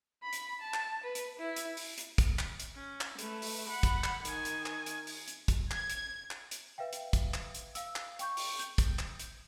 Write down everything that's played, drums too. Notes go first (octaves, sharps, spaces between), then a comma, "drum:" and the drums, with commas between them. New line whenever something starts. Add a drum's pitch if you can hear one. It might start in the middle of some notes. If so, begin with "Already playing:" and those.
B5
drum: hi-hat
A5
drum: clap
B4
drum: hi-hat
E4
drum: hi-hat
drum: open hi-hat
drum: hi-hat
drum: kick, hi-hat
drum: clap
drum: hi-hat
C#4
drum: clap
A3 B4, drum: hi-hat
drum: open hi-hat
F#5 B5
drum: kick, hi-hat
drum: clap
D#3 G#5, drum: hi-hat
drum: hi-hat
drum: clap
drum: hi-hat
drum: open hi-hat
drum: hi-hat
drum: kick, hi-hat
G#6, drum: clap
drum: hi-hat
drum: clap
drum: hi-hat
B4 E5 F5 G5
drum: hi-hat
drum: kick, hi-hat
drum: clap
drum: hi-hat
F5 E6, drum: hi-hat
drum: clap
G5 C#6 G6, drum: hi-hat
drum: open hi-hat
G6, drum: hi-hat
drum: kick, hi-hat
drum: clap
drum: hi-hat